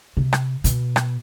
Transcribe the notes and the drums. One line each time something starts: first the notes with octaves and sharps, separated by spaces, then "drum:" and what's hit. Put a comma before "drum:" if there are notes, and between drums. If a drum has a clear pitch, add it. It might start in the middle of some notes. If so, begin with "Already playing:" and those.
C3
drum: rim click
B2, drum: hi-hat
drum: rim click